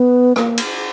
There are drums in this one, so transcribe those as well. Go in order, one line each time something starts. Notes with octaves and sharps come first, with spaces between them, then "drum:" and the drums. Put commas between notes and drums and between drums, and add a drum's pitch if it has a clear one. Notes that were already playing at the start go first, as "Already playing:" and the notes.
Already playing: B3
A#3, drum: rim click
drum: cymbal